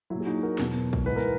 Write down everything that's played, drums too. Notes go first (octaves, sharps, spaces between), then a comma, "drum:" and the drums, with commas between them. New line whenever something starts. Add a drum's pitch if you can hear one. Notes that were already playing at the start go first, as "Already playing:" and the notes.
A#2 F#3 E4
G#4
D#4 F#4
F#4 A#4
E2 B2 F#3, drum: snare
drum: kick A#1
G#2 E3 B4
A#4